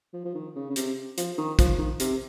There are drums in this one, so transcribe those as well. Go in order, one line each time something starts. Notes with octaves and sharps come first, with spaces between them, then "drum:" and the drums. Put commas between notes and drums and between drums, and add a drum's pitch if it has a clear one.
F3
F3
D#3
C#3
C#3
C3, drum: hi-hat
F3, drum: hi-hat
D#3
F3, drum: kick, hi-hat
D#3
C3, drum: hi-hat